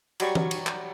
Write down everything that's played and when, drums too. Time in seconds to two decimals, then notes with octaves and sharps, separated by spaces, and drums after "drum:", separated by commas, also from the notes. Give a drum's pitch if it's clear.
0.20 F#3 G3 C#6, drum: cymbal
0.35 drum: tom E3
0.51 drum: cymbal
0.67 drum: clap